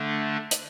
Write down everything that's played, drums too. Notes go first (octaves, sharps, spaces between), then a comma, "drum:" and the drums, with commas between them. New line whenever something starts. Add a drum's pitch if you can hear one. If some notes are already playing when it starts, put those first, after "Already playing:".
Already playing: D3 A3 D4
drum: hi-hat